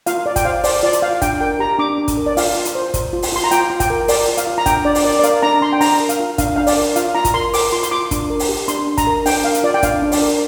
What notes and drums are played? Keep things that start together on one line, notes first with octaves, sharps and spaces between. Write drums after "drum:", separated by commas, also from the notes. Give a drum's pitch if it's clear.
F4 F5, drum: hi-hat
F4 D5
G5, drum: kick, hi-hat
C5 F5
C5 D5, drum: open hi-hat
F4 D5
drum: hi-hat
F4 F5
D4 G5, drum: kick, hi-hat
A#4 G5
G4 A#5
D4 D6
D4
drum: kick, hi-hat
A#4
D5
F4 F5, drum: open hi-hat
F4
drum: hi-hat
C5
C5, drum: kick, hi-hat
F4
drum: open hi-hat
F4 C6
A#5
F4 G5, drum: hi-hat
F4
G5, drum: kick, hi-hat
A#4
A#4 D5, drum: open hi-hat
F4
F5, drum: hi-hat
F4
A#5
D4 G5, drum: kick, hi-hat
D4 D5
drum: open hi-hat
A#4 D5
D5
A#4 F5, drum: hi-hat
D4 A#5
D4 C6
G5
D4 A#5, drum: open hi-hat
A#4
F5, drum: hi-hat
F4
D4 F5, drum: kick, hi-hat
D4 F5
D5, drum: open hi-hat
A#4
F4 F5, drum: hi-hat
F4 A#5
drum: kick, hi-hat
A#4 C6
A#4 D6, drum: open hi-hat
F4 C6
C6, drum: hi-hat
F4 D6
D4, drum: kick, hi-hat
A#4
drum: open hi-hat
G4
D4 C6, drum: hi-hat
D4
A#5, drum: kick, hi-hat
A#4
D4 G5, drum: open hi-hat
A#4 F5
drum: hi-hat
F4 D5
G5
D4 F5, drum: kick, hi-hat
D4
D5, drum: open hi-hat
A#4